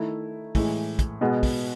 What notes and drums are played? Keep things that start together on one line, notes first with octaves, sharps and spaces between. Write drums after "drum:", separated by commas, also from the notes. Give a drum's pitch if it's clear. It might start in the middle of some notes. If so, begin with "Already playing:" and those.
Already playing: D#3 A3 E4
A2 E3 G#3, drum: kick, open hi-hat
drum: kick, hi-hat
B2 G#3 B3
drum: kick, open hi-hat